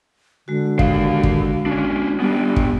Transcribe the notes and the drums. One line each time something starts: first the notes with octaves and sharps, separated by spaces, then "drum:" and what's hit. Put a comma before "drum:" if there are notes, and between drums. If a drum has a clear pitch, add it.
D3 G#3 F#4
D#3 F5, drum: kick
drum: kick
C#4 D4
G3 B3 D4
drum: kick